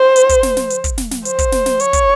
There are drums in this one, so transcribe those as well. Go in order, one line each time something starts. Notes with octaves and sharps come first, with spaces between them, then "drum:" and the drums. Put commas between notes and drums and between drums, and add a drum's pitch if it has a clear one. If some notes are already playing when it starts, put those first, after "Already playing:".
Already playing: C5
drum: hi-hat
drum: kick, hi-hat
drum: snare
drum: snare
drum: hi-hat
drum: kick, hi-hat
drum: snare
drum: snare
C5, drum: hi-hat
drum: kick, hi-hat
drum: snare
drum: snare
C#5, drum: hi-hat
drum: kick, hi-hat